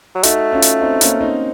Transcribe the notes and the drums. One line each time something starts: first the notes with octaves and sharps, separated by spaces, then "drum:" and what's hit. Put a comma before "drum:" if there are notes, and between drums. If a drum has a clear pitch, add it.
F#3
A3 D#4 F#4, drum: hi-hat
C#4 F4
drum: hi-hat
C4 D#4
A#3 C#4, drum: hi-hat
C4 D#4